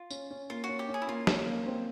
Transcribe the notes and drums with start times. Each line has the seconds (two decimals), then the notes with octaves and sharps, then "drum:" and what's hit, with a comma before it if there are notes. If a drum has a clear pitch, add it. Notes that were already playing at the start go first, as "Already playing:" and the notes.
Already playing: F4
0.10 C#4, drum: tambourine
0.31 C#4
0.50 A#3 F4
0.64 F#4
0.69 C#4
0.79 G4
0.89 C#4
0.94 G#4
1.02 E4
1.08 A#3 F4
1.27 C#4, drum: snare
1.46 A#3
1.66 C4